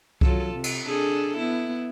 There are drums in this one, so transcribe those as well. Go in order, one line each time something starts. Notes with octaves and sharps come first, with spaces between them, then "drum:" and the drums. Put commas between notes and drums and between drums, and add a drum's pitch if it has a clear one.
F#3 F4 A4, drum: kick C2
C3
drum: cymbal
D4 G#4 A4
B3 E4